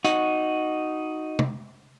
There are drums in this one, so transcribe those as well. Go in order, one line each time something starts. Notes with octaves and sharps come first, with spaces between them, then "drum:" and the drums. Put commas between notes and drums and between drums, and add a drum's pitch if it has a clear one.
D#4 F#4, drum: hi-hat
drum: tom C3